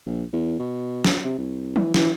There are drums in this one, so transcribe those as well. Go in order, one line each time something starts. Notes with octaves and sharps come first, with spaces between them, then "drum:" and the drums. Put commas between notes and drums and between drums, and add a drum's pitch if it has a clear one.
A#1
E2
B2
drum: snare
C3
C2
E3, drum: tom F3
E3, drum: snare